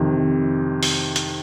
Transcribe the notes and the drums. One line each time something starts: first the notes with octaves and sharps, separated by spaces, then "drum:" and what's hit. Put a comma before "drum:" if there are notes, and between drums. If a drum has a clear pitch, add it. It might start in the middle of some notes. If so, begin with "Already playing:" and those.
Already playing: F2 C3 D#3
drum: open hi-hat
drum: hi-hat